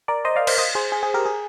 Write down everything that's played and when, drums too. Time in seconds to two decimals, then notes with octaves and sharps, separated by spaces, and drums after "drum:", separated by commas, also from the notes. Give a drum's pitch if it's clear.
0.08 A#4 D5
0.25 C5 D#5
0.36 D5 F5
0.47 C5 D#5, drum: cymbal
0.58 C5 D#5
0.75 G#4 C5
0.92 G#4
1.03 G#4
1.14 G4 A#4
1.25 G#4